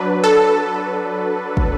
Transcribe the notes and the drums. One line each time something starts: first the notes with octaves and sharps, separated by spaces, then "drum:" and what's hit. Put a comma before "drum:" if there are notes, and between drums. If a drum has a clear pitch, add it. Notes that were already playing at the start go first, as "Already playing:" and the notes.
Already playing: F#3 D4 B4
A4
drum: kick